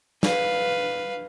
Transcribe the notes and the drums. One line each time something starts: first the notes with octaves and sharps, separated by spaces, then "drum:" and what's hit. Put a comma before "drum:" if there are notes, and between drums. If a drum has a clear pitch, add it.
B4 F5, drum: snare